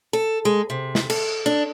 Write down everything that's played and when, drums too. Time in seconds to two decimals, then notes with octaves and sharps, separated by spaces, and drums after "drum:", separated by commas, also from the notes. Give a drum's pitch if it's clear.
0.13 A4
0.45 G#3
0.70 C3
0.95 drum: snare
1.10 A4, drum: cymbal
1.46 D4